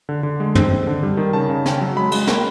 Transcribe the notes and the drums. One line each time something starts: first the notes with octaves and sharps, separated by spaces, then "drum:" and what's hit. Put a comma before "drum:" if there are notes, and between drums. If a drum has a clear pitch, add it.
D3
D3
G#3
C4, drum: tom
C4
D3
G3
D#3
C#3 A5
C#3
C#4, drum: snare
F#3
G#3 B5
G#3, drum: cymbal
A#3, drum: snare